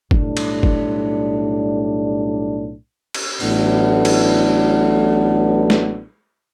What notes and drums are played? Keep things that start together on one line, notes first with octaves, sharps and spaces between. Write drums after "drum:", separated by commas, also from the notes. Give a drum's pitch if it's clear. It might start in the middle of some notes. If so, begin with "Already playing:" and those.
B1 A2 G3 D4, drum: kick F#1
drum: cymbal
drum: kick F#1
drum: cymbal
A1 A2 F#3 B3 D4, drum: open hi-hat
drum: cymbal
drum: snare